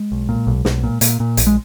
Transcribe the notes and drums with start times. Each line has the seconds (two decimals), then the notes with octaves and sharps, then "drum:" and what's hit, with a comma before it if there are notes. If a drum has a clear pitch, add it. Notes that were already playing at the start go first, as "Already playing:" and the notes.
Already playing: G#3
0.12 B1
0.29 A#2
0.47 B1
0.65 B1, drum: snare
0.84 A#2
1.01 A#2, drum: hi-hat
1.20 A#2
1.37 A#1, drum: hi-hat
1.47 G#3